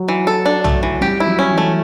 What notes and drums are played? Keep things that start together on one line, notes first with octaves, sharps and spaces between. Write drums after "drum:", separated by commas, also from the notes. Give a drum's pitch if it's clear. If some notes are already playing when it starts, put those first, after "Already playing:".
Already playing: F#3
E3
A4
D4
A3, drum: tom B1
E3
G3 G4
E4
F#3
C#4
E3
A3